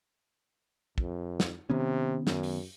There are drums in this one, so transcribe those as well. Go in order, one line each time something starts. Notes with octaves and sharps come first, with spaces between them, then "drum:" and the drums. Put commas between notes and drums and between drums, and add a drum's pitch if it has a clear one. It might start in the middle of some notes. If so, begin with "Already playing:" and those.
F2, drum: kick
drum: snare
C3 D#3 B3 C#4
F#2, drum: snare
drum: open hi-hat